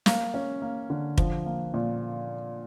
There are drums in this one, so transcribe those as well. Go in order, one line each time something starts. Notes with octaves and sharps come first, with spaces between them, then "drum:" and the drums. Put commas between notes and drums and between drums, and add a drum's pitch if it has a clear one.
A#3, drum: snare
C#4
A#3
D3
F3, drum: kick
A#3
A#2